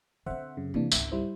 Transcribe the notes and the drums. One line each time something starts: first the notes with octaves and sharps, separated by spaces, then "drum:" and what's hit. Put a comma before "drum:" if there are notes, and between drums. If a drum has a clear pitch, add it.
D3 C4 C5 E5 F#5
F#2 C#3
C3 E3 G#3 A#3 D4
G#1 C#2 E5, drum: tambourine
G3 E4 C5